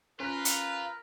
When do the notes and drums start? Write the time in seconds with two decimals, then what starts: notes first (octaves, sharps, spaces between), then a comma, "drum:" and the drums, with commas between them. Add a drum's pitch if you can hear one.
0.20 C#4 F4 A#4 B4
0.45 drum: hi-hat